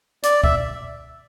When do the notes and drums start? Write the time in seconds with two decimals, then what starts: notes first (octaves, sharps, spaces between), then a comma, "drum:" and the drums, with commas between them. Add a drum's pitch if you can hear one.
0.23 D5, drum: hi-hat
0.44 E5, drum: kick